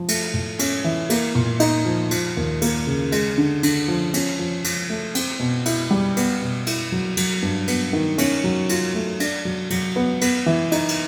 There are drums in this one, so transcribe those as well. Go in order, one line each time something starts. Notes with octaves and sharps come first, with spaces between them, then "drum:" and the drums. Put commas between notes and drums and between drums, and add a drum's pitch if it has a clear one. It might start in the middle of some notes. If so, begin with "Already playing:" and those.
Already playing: F3
A3, drum: cymbal
A2
C#4, drum: cymbal
E3
A#3, drum: cymbal
A#2
D#4, drum: cymbal
F3
F3, drum: cymbal
D#2
A#3, drum: cymbal
C#3
G#3, drum: cymbal
D3
D3, drum: cymbal
F3
C#4, drum: cymbal
F3
F3, drum: cymbal
A3
C4, drum: cymbal
B2
E4, drum: cymbal
G3
B3, drum: cymbal
B2
E4, drum: cymbal
F#3
F#3, drum: cymbal
G2
B3, drum: cymbal
D#3
C#4, drum: cymbal
F#3
F4, drum: cymbal
A3
D4, drum: cymbal
F#3
F#3, drum: cymbal
B3
B3, drum: cymbal
E3
D#4, drum: cymbal
drum: cymbal